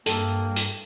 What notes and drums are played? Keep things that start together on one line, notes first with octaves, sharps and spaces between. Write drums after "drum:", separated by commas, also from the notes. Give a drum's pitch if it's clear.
G2 A#3 A4 G5, drum: hi-hat
drum: hi-hat